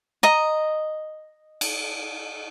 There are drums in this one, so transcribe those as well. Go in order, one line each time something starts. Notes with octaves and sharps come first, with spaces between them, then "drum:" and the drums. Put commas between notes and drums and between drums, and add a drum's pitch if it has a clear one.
D#5 A#5
drum: cymbal